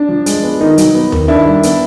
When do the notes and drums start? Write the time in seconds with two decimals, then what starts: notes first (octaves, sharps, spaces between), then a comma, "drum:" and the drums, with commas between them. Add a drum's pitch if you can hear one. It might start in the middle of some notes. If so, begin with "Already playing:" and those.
Already playing: D4
0.09 F3
0.26 G#3, drum: hi-hat
0.43 B3
0.60 D#3 D#4
0.78 F#3, drum: hi-hat
0.95 B3
1.12 D#3, drum: tom D#2
1.28 D#3 D4 E4
1.45 G3
1.63 B3, drum: hi-hat